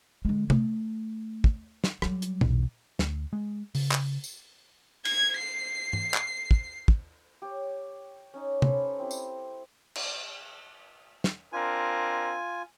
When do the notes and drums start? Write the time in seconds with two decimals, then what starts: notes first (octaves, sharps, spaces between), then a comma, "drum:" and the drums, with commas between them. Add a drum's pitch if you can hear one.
0.25 D3 G#3
0.50 A3, drum: tom C3
1.44 drum: kick
1.84 drum: snare
2.02 F#3 G3, drum: rim click
2.22 drum: hi-hat
2.41 B1 E2, drum: tom
2.99 D2, drum: snare
3.33 G#3
3.75 C#3, drum: open hi-hat
3.92 drum: clap
4.24 drum: tambourine
5.05 G#6, drum: cymbal
5.37 C7
5.93 drum: tom
6.14 drum: clap
6.51 drum: kick
6.88 drum: kick
7.42 G4 C#5
8.34 C#4 D#4
8.62 C#4 A4 B4 C5, drum: tom C3
8.99 C4 E4 G4
9.11 drum: tambourine
9.96 drum: cymbal
11.24 drum: snare
11.53 C4 D4 F4 A#4 G#5